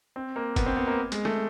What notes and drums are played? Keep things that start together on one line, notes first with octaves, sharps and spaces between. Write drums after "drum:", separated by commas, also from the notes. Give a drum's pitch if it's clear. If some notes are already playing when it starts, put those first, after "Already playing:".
C4
A#3
B3, drum: kick, hi-hat
C4
B3
A#3
G#3, drum: hi-hat
A3, drum: rim click